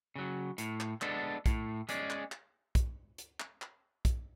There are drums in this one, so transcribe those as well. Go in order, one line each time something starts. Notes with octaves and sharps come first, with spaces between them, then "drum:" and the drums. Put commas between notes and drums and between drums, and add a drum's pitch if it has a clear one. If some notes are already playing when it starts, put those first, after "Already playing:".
C#3 F#3
A2, drum: hi-hat
drum: clap
G#3 B3 D4 A4, drum: clap
A2, drum: kick, hi-hat
G#3 C#4 G#4 D5, drum: hi-hat
drum: clap
drum: clap
drum: kick, hi-hat
drum: hi-hat
drum: clap
drum: clap
drum: kick, hi-hat